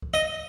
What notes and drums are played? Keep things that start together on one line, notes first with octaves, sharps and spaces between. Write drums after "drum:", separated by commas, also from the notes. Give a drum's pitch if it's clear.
drum: kick C#2
D#5